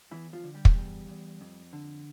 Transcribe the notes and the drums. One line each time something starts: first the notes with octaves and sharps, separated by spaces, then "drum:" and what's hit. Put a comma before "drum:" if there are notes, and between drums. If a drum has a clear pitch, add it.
E2 E3 E4
F3 F4
D3
G3 G4
drum: kick
E2
E2
F2
D3